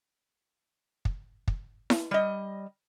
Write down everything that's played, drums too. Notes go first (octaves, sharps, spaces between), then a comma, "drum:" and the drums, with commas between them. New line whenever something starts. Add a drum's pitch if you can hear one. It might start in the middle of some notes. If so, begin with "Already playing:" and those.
drum: kick
drum: kick
drum: snare E4
G3 D#5